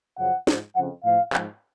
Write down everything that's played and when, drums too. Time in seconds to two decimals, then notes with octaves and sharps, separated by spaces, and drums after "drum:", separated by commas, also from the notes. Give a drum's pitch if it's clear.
0.18 F#2 C#3 F3 F#5
0.47 G#2 F3, drum: snare
0.75 F2 C#3 F3 F#5
1.04 A2 F3 F5
1.33 G#2 F3, drum: clap